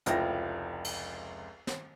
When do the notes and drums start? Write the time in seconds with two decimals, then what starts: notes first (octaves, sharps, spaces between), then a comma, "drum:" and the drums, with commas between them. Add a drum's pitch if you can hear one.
0.06 F1 C#2 F3 E4 G5 A#6, drum: hi-hat
0.84 drum: cymbal
1.67 drum: snare